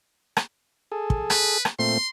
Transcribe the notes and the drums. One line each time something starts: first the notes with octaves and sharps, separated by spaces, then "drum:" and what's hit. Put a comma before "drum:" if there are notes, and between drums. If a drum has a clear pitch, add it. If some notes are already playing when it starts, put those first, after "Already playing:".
drum: rim click
G#4 A4
drum: kick
B4, drum: rim click
drum: rim click
A#2 A3 C4 C6